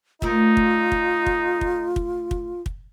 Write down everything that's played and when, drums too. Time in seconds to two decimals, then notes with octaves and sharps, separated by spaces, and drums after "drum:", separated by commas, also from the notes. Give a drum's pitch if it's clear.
0.22 D2 A3 D#4 F4 A#4, drum: kick
0.57 drum: kick
0.92 drum: kick
1.26 drum: kick
1.61 drum: kick
1.96 drum: kick
2.31 drum: kick
2.66 drum: kick